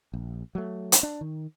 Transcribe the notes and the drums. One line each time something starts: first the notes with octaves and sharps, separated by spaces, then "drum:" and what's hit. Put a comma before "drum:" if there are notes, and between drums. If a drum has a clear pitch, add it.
A#1
F#3 A3
drum: hi-hat
D4
D#3